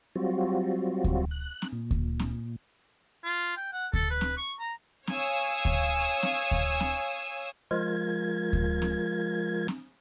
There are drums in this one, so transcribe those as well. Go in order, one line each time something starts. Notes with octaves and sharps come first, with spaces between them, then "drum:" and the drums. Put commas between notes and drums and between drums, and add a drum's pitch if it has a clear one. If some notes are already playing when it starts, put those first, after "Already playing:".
F#3 G3 C4 F4 F#4
drum: kick D2
F#6
drum: snare C4
A#2
drum: kick D2
drum: snare C4
F4
G5
F#5
A4, drum: kick D2
B4
drum: snare C4
C#6
A#5
C#5 F5 G#5 D#6 E6, drum: snare C4
drum: kick D2
drum: snare C4
drum: kick D2
drum: snare C4
F3 G#3 F4 A#4 G#6
drum: kick D2
drum: snare C4
drum: snare C4